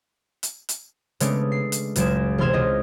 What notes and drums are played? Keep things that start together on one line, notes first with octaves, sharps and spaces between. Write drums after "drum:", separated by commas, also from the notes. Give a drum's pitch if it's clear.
drum: hi-hat
drum: hi-hat
C#3 G#3 A3 B3 C#4 D4, drum: hi-hat
C7
drum: hi-hat
F#1 C#2 G#3 G#6 E7, drum: hi-hat
E1 C3 C6 F6 G#6 E7
C#2 D#5